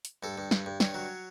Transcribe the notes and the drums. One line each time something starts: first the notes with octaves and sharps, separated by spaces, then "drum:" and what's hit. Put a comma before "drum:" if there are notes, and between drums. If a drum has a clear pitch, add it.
drum: hi-hat
G2 A4
G2
G2, drum: snare
G2
G2 C#5, drum: snare
F#3